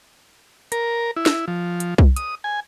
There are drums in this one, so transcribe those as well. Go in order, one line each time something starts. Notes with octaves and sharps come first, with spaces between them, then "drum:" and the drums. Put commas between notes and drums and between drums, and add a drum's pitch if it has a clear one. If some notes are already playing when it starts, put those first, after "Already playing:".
A#4, drum: hi-hat
E4
drum: snare
F3
drum: hi-hat
drum: kick C2
D#6, drum: hi-hat
G#5